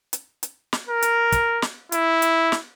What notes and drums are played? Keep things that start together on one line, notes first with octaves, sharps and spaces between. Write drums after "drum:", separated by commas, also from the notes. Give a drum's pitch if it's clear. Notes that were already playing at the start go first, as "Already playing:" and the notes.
drum: hi-hat
drum: hi-hat
drum: snare
A#4
drum: hi-hat
drum: kick, hi-hat
drum: snare
E4, drum: hi-hat
drum: hi-hat
drum: snare